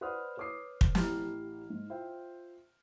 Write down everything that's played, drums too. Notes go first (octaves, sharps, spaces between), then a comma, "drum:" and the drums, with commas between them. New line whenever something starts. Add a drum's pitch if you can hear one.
B4 C5 D5 F#5 D#6 F6
B4 C#5 D6 D#6 C7
drum: kick
A1 E4 G4 A#5 F6, drum: snare
G#2
F4 C5 E5 G5